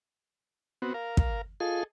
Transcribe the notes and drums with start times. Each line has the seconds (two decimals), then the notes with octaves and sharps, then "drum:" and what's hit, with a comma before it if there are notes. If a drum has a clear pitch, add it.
0.82 B3 C4 F#4
0.94 A#4 F5
1.17 drum: kick
1.60 F4 G#4 A4 D#5 F5